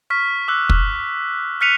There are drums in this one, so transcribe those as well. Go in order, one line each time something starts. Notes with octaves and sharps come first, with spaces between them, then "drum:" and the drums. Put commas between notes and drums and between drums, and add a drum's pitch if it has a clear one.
C#6 F6 B6
D6 E6 F#6
drum: kick
F6 F#6 B6 C#7 D#7 F7